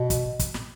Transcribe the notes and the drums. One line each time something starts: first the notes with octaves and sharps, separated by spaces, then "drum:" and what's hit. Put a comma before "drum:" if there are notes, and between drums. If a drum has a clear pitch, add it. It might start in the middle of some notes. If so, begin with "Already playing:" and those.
Already playing: B2
drum: kick, hi-hat
drum: kick, hi-hat
drum: snare